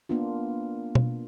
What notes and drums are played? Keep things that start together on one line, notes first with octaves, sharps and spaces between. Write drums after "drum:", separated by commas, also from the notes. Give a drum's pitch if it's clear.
A#3 B3 D4 F4
drum: tom B2